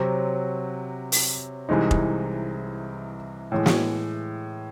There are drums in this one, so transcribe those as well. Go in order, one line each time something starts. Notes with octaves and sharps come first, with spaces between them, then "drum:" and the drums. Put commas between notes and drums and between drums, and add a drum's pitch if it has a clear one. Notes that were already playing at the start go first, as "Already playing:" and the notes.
Already playing: C3 F#3 C4 F#4
drum: open hi-hat
C2 C3 E3 G#3 D#4
drum: kick F1
A2 E3 G#3
drum: snare